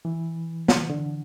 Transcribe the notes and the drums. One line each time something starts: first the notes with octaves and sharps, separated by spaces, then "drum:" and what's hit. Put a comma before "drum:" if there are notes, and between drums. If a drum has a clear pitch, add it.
E3
drum: snare
D3